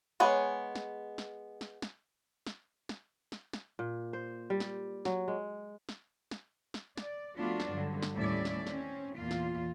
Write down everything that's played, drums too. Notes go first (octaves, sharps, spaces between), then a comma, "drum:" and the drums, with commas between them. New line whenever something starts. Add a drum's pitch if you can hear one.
G#3 B3 G#4 C#5
drum: snare
drum: snare
drum: snare
drum: snare
drum: snare
drum: snare
drum: snare
drum: snare
A#2
C5
G3
drum: snare
F#3, drum: snare
G#3
drum: snare
drum: snare
drum: snare
D5, drum: snare
F3 A3 B3 D4 F4 F#4
drum: snare
G2 D3 F#3
drum: snare
D#2 A2 G3 C#4 D5 E5
drum: snare
C4 C#4, drum: snare
E2 A#2 A#3 F4
drum: snare